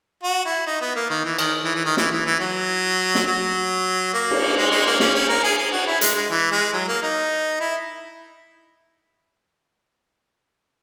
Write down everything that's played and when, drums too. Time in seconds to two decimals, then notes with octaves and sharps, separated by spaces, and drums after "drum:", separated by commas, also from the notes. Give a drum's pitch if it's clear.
0.23 F#4
0.45 E4
0.66 D#4
0.81 B3
0.95 A#3
1.10 D#3
1.25 E3
1.39 D#3, drum: cymbal
1.64 E3
1.75 E3
1.86 D#3
1.97 E3, drum: snare
2.11 E3
2.26 E3
2.40 F#3
3.15 drum: snare
3.27 F#3
4.13 A#3
4.31 drum: cymbal
4.57 G#3
4.71 G#3
4.86 A#3
5.00 C#4, drum: snare
5.15 C#4
5.29 A#4
5.43 G#4
5.58 G#4
5.72 F#4
5.87 E4
6.01 G#3, drum: hi-hat
6.16 G#3
6.30 E3
6.51 G#3
6.73 F#3
6.88 A#3
7.02 D#4
7.60 E4